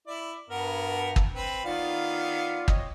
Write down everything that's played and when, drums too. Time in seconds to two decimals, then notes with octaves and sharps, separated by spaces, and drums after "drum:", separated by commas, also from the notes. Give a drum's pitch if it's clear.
0.07 E4 D5
0.50 G2 B3 F#4 A#4
1.16 drum: kick
1.35 C4 B4
1.65 D#3 B3 F4 D5 F5
2.68 C4 C#5 D#5, drum: kick